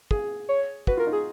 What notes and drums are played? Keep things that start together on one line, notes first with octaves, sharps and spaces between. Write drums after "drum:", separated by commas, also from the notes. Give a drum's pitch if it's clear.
G#4, drum: kick
C#5
F#4 B4, drum: kick
F4 A#4
D#4
G#4